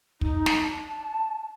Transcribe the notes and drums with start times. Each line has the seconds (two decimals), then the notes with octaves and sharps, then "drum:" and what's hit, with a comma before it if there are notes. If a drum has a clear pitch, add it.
0.21 D#4, drum: kick
0.46 drum: snare
0.62 A5